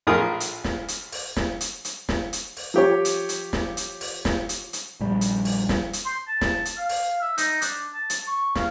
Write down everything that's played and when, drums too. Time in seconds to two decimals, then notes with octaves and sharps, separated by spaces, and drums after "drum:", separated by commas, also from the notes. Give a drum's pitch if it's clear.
0.07 A#1 A2 F4 G#4 A#4 D#6
0.40 drum: hi-hat
0.64 drum: snare
0.88 drum: hi-hat
1.12 drum: open hi-hat
1.36 drum: snare
1.61 drum: hi-hat
1.85 drum: hi-hat
2.09 drum: snare
2.33 drum: hi-hat
2.57 drum: open hi-hat
2.74 F3 G4 C#5
3.05 drum: hi-hat
3.29 drum: hi-hat
3.53 drum: snare
3.77 drum: hi-hat
4.01 drum: open hi-hat
4.25 drum: snare
4.49 drum: hi-hat
4.73 drum: hi-hat
5.00 A#1 G3
5.21 drum: hi-hat
5.45 drum: open hi-hat
5.69 drum: snare
5.93 drum: hi-hat
6.06 C6
6.28 A5
6.41 drum: snare
6.65 drum: hi-hat
6.77 F5
6.89 drum: open hi-hat
7.21 E5
7.38 D#4, drum: hi-hat
7.62 D4, drum: hi-hat
7.94 A5
8.10 drum: hi-hat
8.27 C#6
8.55 F5, drum: snare